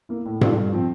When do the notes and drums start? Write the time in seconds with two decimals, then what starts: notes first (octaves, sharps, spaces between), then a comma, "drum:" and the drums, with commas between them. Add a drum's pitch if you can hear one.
0.09 A#3 E4
0.25 A2
0.41 G3 D4 F4 A4, drum: tom G#2
0.57 G2
0.72 F3 C4